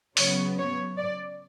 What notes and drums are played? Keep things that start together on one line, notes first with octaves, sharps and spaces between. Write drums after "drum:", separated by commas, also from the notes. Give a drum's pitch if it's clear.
C#3 F#3 B3 C#5, drum: open hi-hat
C#5
D5